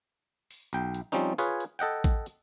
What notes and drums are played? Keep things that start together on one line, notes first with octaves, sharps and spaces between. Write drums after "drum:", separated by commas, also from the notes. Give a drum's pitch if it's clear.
drum: open hi-hat
B1 G5, drum: hi-hat
drum: hi-hat
F3 G3 C4 C#4 D#4
F4 G#4 B4 C#5, drum: hi-hat
drum: hi-hat
A4 D#5 F#5 G5
drum: kick A1, hi-hat
drum: hi-hat